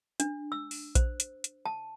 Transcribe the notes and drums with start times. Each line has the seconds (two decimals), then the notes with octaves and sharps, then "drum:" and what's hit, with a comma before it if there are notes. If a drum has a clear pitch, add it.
0.20 D4, drum: hi-hat
0.52 E6
0.71 drum: open hi-hat
0.95 C5, drum: kick A#1, hi-hat
1.20 drum: hi-hat
1.44 drum: hi-hat
1.66 A5